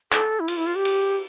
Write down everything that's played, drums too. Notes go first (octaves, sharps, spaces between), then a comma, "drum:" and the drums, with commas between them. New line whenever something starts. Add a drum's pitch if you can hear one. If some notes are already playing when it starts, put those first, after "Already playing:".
A4, drum: clap
E4
F4, drum: cymbal
E4
F4
G4
drum: cymbal